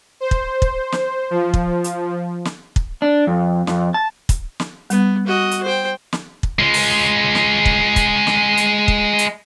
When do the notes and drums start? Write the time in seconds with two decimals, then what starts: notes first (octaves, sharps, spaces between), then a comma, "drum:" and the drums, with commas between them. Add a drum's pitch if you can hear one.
0.20 C5
0.31 drum: kick
0.62 drum: kick
0.92 drum: snare
1.30 F3
1.54 drum: kick
1.84 drum: hi-hat
2.45 drum: snare
2.76 drum: kick
3.02 D4
3.27 F2
3.67 F2, drum: snare
3.94 A5
4.29 drum: kick, hi-hat
4.60 drum: snare
4.90 G3 B3, drum: hi-hat
5.27 F#4 D#5
5.51 drum: hi-hat
5.63 C5 G5
6.13 drum: snare
6.43 drum: kick
6.59 G#3 F4
6.74 drum: open hi-hat
7.35 drum: snare
7.66 drum: kick
7.96 drum: kick, hi-hat
8.27 drum: snare
8.57 drum: hi-hat
8.88 drum: kick
9.19 drum: hi-hat